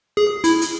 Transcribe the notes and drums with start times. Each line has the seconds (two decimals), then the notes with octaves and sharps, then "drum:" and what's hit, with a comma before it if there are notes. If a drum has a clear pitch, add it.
0.17 G#4
0.44 E4, drum: hi-hat
0.61 drum: hi-hat